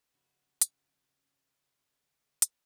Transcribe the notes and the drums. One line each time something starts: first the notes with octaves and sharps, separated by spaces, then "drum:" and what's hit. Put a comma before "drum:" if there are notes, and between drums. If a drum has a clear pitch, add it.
F2 C#3 F#4
drum: hi-hat
drum: hi-hat